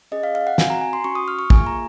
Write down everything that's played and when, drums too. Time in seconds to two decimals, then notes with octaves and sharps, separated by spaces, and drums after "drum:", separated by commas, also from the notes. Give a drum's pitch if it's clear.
0.12 C#4 G#4 D#5
0.23 F5
0.35 F5
0.47 F#5
0.58 C4 F#4 G#5, drum: snare
0.70 A#5
0.81 G#5
0.93 C6
1.04 C#4 F#4 C#6
1.15 D#6
1.28 F6
1.39 C#6
1.50 A#3 F4 G#4 G#5, drum: kick
1.66 A#5